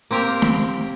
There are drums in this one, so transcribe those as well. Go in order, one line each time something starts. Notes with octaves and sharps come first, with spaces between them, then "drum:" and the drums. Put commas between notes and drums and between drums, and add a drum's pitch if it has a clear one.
A#3 C4 G4 A#4 G5
drum: snare